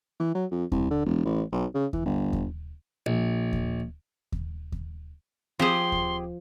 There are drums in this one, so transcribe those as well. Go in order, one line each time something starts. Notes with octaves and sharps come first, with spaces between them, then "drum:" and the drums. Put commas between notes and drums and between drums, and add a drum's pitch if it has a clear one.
E3
F#3
F2
C2, drum: kick D#2
D3
E1
A1
B1
C#3
E3, drum: kick D#2
G1
drum: kick D#2
A#1
drum: kick D#2
drum: kick D#2
drum: kick D#2
F3 C4 G4 G#4 C5 C6
drum: kick D#2